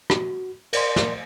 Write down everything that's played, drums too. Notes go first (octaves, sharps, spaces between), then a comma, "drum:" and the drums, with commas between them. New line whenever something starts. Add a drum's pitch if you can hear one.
F#4, drum: rim click
A#4 D5 C6, drum: cymbal
drum: snare